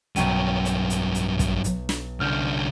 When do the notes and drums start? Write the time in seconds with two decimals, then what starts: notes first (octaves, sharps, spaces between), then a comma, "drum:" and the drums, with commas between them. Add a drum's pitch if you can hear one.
0.16 B1 G2 F#3 G5 D#7, drum: hi-hat
0.65 drum: hi-hat
0.90 drum: hi-hat
1.15 drum: hi-hat
1.39 drum: kick, hi-hat
1.64 drum: hi-hat
1.89 drum: snare
2.20 C2 D3 F6 G6